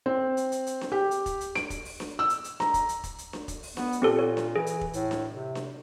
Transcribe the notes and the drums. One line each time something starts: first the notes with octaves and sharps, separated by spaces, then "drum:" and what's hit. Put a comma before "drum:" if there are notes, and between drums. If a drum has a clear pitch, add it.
C4
drum: hi-hat
drum: hi-hat
drum: hi-hat
drum: snare D4
G4
drum: hi-hat
drum: kick, hi-hat
drum: hi-hat
D7, drum: snare D4
drum: kick, hi-hat
drum: open hi-hat
drum: snare D4
E6
drum: hi-hat
drum: hi-hat
A#5, drum: snare D4
drum: kick, hi-hat
drum: hi-hat
drum: kick, hi-hat
drum: hi-hat
drum: snare D4
drum: kick, hi-hat
drum: open hi-hat
B3, drum: snare D4
drum: hi-hat
A#2 C4 G4 A4
C#5
drum: snare D4
E3 G#4
drum: hi-hat
drum: kick
A2, drum: hi-hat
drum: snare D4
C3
drum: snare D4